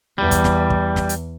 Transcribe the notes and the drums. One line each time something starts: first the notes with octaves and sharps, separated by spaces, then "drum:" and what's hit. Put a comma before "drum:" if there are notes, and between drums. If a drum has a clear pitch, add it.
E2 G3
drum: kick, hi-hat
drum: snare
drum: kick
drum: snare
drum: hi-hat